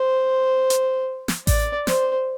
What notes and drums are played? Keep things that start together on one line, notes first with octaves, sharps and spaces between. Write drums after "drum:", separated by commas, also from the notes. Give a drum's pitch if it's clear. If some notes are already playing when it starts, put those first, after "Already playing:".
Already playing: C5
drum: hi-hat
drum: snare
D5, drum: kick A1, open hi-hat
C5, drum: snare